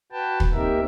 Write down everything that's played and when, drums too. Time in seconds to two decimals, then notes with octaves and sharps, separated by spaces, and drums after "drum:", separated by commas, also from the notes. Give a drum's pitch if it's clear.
0.12 F#4 B4 G5 A5
0.40 drum: kick
0.53 A#3 C4 D#4 G4 A#4 E5